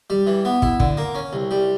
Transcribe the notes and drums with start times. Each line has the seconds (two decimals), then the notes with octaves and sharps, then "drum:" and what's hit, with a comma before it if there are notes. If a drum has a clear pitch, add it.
0.10 G3
0.27 E3
0.45 B3
0.62 E4, drum: kick
0.80 D3, drum: kick
0.97 A#3
1.15 C#4
1.33 C2
1.51 G3